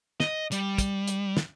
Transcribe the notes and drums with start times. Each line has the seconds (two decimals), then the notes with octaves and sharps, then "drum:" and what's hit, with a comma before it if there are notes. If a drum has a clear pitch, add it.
0.20 D#5, drum: snare
0.52 G3, drum: hi-hat
0.78 drum: kick, hi-hat
1.07 drum: hi-hat
1.37 drum: snare